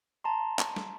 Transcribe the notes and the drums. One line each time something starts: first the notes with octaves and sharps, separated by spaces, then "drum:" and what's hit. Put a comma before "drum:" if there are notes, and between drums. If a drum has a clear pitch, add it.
A5 A#5 C6
drum: clap
drum: snare